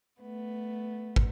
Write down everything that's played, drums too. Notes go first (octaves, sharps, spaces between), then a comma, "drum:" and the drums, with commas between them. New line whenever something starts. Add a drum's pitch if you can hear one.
A3 B3
drum: kick